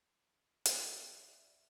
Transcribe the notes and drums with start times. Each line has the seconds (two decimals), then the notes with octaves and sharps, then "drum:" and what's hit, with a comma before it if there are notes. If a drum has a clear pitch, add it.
0.65 drum: hi-hat
0.75 A#5
1.02 D5 E5